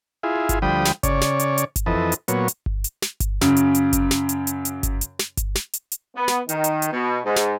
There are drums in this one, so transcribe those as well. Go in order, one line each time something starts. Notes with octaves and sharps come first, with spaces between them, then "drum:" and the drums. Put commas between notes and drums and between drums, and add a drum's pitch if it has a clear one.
E4 F4 G#4
drum: kick G1, hi-hat
D2 F3 G3 G5 B5 D#6
drum: snare
C#3 C#5 D5, drum: kick G1, hi-hat
drum: snare
drum: hi-hat
drum: hi-hat
drum: kick G1, hi-hat
F2 E3 A4 B4 D#5
drum: hi-hat
A#2 F#3 B3 C#5, drum: hi-hat
drum: hi-hat
drum: kick G1
drum: hi-hat
drum: snare
drum: kick G1, hi-hat
F#2 C#3, drum: snare
drum: hi-hat
drum: hi-hat
drum: kick G1, hi-hat
drum: snare
drum: hi-hat
drum: hi-hat
drum: hi-hat
drum: kick G1, hi-hat
drum: hi-hat
drum: snare
drum: kick G1, hi-hat
drum: snare
drum: hi-hat
drum: hi-hat
B3
drum: snare
D#3, drum: hi-hat
drum: hi-hat
drum: hi-hat
B2
G#2
drum: snare